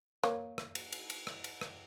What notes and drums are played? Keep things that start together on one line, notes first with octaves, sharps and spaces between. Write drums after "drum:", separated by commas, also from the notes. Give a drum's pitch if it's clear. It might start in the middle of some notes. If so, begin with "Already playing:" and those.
A#3 C#5, drum: rim click
drum: rim click
drum: cymbal
drum: cymbal
drum: cymbal
drum: rim click
drum: cymbal
drum: rim click